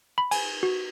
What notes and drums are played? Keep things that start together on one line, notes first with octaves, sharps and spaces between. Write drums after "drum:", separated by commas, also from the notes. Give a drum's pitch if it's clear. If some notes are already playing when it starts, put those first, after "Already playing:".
B5
G#5, drum: cymbal
F#4